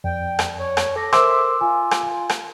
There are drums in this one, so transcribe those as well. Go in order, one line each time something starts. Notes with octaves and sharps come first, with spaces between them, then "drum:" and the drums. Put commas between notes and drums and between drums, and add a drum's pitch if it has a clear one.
F2 D5 G5
drum: rim click
C#5
drum: rim click
A4 D6 A#6
A4 A#4 C5 E5 C6 D6 E6, drum: rim click
F4 G#5
drum: rim click
drum: rim click